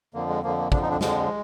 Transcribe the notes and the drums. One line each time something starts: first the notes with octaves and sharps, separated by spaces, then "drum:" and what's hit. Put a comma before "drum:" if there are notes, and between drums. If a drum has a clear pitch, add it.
F2 D3 F3 A#3
G#3
F2 D3 F3 A#3
A#3
F2 D3 F3 D4, drum: kick
D#4
D4
F2 D3 F3 G#3, drum: snare